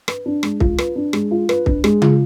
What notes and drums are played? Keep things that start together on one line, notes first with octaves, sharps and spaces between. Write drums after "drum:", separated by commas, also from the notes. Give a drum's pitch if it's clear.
B4, drum: rim click
D4
G#3, drum: rim click
F4, drum: kick C2
B4, drum: rim click
D4
G#3, drum: rim click
F4
B4, drum: rim click
D4, drum: kick C2
G#3, drum: rim click
F4, drum: tom C#3